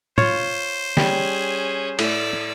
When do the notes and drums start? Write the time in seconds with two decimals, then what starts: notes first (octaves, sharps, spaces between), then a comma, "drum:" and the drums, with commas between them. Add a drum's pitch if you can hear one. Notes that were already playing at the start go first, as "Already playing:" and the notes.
0.18 F4 C5 C#5, drum: tom
0.97 G3 C#4 G#4, drum: snare
1.99 A2 D5 E6, drum: cymbal